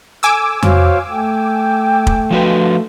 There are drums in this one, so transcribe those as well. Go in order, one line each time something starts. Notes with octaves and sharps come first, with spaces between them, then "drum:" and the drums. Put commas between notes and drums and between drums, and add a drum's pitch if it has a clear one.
A4 G#5 D6 E6
F#4 C5 C#5 F5, drum: tom F2
A3 G5
drum: kick
F3 F#4 B4